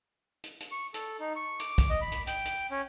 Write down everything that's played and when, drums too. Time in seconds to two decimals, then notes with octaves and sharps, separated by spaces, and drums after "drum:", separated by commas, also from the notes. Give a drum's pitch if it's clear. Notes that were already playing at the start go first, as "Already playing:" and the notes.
0.44 drum: hi-hat
0.60 drum: hi-hat
0.72 C#6
0.94 A4, drum: hi-hat
1.20 D#4
1.36 C#6
1.60 D6, drum: hi-hat
1.78 drum: kick, hi-hat
1.90 D#5
2.01 B5
2.12 drum: hi-hat
2.27 G5, drum: hi-hat
2.45 drum: hi-hat
2.71 C#4